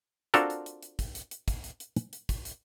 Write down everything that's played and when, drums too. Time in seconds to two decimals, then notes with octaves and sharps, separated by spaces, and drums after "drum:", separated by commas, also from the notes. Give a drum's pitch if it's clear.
0.34 C4 D4 F4 F#4 A4 A#4, drum: hi-hat
0.50 drum: hi-hat
0.66 drum: hi-hat
0.83 drum: hi-hat
0.99 drum: kick, hi-hat
1.15 drum: hi-hat
1.31 drum: hi-hat
1.48 drum: kick, hi-hat
1.64 drum: hi-hat
1.80 drum: hi-hat
1.96 drum: hi-hat
2.13 drum: hi-hat
2.29 drum: kick, hi-hat
2.45 drum: hi-hat